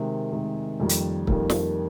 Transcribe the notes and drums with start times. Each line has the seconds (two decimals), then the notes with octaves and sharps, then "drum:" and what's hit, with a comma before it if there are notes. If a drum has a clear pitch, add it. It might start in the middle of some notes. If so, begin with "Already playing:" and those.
Already playing: C3 D#3 G#3
0.32 C3 D#3 G#3
0.80 F2 D#3 G3 A#3
0.89 drum: hi-hat
1.27 F2 D#3 G3 A#3, drum: kick
1.50 drum: snare